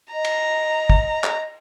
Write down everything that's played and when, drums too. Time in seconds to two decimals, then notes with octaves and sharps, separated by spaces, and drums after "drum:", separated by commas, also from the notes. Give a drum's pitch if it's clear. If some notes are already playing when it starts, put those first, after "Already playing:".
0.13 D#5 A#5
0.25 drum: cymbal
0.90 drum: kick
1.24 drum: clap